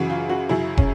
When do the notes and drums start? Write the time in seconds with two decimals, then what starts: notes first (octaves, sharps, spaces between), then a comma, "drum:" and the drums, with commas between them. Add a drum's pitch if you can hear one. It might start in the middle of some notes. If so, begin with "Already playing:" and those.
Already playing: F#2 C#3 E3 F#4
0.10 F4
0.29 F#4
0.49 F#2 C#3 F#3 E4
0.77 C#4, drum: kick